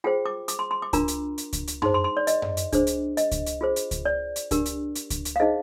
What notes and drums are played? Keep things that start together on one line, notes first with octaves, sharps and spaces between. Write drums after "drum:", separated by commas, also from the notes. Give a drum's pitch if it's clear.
F4 G#4 C5 G5
D6
D6, drum: hi-hat
C6
C6
D6
D4 F4 A#4 A#5, drum: kick C#2, hi-hat
drum: hi-hat
drum: hi-hat
drum: kick C#2, hi-hat
drum: hi-hat
D#4 G#4 C5 C6, drum: tom F#2
C6
C6
D5
D#5, drum: hi-hat
drum: tom F#2
drum: hi-hat
D4 G#4 C5, drum: kick C#2, hi-hat
drum: hi-hat
D#5, drum: hi-hat
drum: kick C#2, hi-hat
drum: hi-hat
F4 G#4 C5
drum: hi-hat
drum: kick C#2, hi-hat
D5
drum: hi-hat
D4 G4 A#4, drum: kick C#2, hi-hat
drum: hi-hat
drum: hi-hat
drum: kick C#2, hi-hat
drum: hi-hat
F5
D#4 G#4 C5 D#5